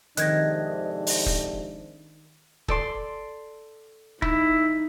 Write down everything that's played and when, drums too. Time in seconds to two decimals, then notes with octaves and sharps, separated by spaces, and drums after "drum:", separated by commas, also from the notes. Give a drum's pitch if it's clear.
0.17 F2 G#2 C3 D#3 D4 F#6 G#6 A#6, drum: hi-hat
1.07 drum: open hi-hat
1.26 drum: kick
2.68 A4 D5 C6, drum: kick
4.22 D#4 E4, drum: kick